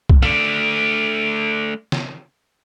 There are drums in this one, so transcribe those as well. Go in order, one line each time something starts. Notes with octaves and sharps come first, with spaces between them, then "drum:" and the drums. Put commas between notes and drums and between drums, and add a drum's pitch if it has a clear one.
drum: kick
A3 D4, drum: rim click
drum: snare